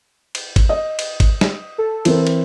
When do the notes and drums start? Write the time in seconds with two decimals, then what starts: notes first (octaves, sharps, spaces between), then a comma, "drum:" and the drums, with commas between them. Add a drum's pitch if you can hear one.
0.35 drum: cymbal
0.56 drum: kick, cymbal
0.69 D#5
0.99 drum: cymbal
1.20 drum: kick, cymbal
1.41 drum: snare
1.78 A4
2.05 E3 C4 A#4, drum: cymbal
2.27 drum: cymbal